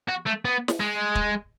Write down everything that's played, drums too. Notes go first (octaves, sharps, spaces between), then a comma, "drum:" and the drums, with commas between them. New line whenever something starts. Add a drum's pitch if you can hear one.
F#4
A3
B3
drum: snare
G#3
drum: kick